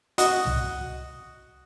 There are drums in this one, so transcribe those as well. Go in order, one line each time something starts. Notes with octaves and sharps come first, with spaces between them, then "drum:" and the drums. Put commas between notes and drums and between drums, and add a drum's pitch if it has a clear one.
F#4 D#5, drum: hi-hat
drum: tom C2